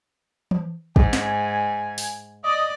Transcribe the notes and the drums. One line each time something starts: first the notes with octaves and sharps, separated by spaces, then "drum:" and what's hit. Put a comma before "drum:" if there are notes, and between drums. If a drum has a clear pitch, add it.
drum: tom E3
G#2 G#5, drum: kick
drum: snare
drum: open hi-hat
D5 D#5